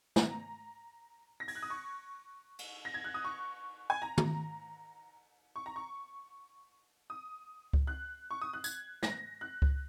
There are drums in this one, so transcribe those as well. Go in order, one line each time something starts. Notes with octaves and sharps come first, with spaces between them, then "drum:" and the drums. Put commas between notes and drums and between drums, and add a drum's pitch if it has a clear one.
A#5, drum: snare
A#6
G#6, drum: open hi-hat
F#6
D#6
C#6
drum: cymbal
A#6
G#6
F#6
D#6
C#6
G#5
A#5
drum: tom
C#6
A#5
C#6
D#6
drum: kick C#2
F#6
C#6
D#6
F#6
G#6, drum: tambourine
A#6, drum: snare
F#6
drum: kick C#2